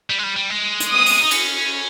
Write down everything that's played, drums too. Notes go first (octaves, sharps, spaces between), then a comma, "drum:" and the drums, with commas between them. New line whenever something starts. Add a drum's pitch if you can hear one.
G3
G#3
G3
G3
G#3
drum: hi-hat
D#6
drum: open hi-hat
D#4
C#4, drum: cymbal